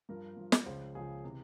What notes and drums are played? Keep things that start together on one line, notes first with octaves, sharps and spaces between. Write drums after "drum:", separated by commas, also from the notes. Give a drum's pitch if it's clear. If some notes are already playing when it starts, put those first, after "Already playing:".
G2 F3 A#4
G2 F3
drum: snare
C#2 C#3 F3 C5
C#2 C#3 F3 G#4
C3 E3